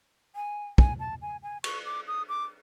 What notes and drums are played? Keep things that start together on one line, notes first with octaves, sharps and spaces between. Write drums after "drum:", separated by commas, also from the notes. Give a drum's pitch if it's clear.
G#5
G#5, drum: kick
A5
G#5
G#5
C#6, drum: cymbal
D6
D#6
D6